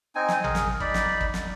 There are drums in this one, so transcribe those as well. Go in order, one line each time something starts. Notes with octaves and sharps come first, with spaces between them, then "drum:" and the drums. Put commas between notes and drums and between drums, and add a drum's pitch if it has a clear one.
C4 D#4 G#5
drum: snare
G#4 A#4, drum: tom A1
drum: snare
D#4 D5 B5, drum: kick
drum: snare
drum: kick
drum: snare